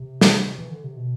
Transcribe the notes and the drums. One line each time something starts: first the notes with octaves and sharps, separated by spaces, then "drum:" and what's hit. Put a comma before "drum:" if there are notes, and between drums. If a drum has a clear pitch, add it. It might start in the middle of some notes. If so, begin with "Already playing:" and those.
Already playing: C3
drum: snare
E3
D3
C3
B2